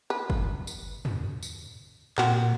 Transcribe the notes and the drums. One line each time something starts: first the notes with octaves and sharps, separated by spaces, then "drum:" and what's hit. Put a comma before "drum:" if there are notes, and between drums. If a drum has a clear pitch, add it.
B4
drum: kick
drum: tambourine
drum: tom
drum: tambourine
A#2 C4 F#4, drum: clap